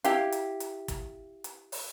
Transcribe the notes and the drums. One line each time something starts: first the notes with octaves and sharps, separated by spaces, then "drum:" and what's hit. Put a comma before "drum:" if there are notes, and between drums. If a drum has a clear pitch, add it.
E4 G4 F5, drum: hi-hat
drum: hi-hat
drum: hi-hat
drum: kick, hi-hat
drum: hi-hat
drum: open hi-hat